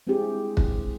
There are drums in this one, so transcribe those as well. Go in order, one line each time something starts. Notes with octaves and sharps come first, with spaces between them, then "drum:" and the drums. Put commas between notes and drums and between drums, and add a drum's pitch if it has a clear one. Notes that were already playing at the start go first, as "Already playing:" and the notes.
G#3 C4 D4 E4 G4 G#4
drum: kick